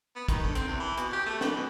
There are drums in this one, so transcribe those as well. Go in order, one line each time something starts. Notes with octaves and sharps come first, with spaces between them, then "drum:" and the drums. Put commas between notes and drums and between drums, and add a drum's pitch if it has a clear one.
B3
D#3, drum: kick, hi-hat
D3
C4, drum: hi-hat
E2
E3
B2, drum: hi-hat
G4
A3
E3, drum: snare
B2